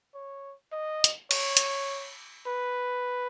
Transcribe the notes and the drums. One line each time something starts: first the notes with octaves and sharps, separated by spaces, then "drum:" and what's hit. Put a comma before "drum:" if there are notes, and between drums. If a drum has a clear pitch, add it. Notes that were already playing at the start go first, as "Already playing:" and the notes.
C#5
D#5
drum: hi-hat
C#5, drum: cymbal
drum: hi-hat
B4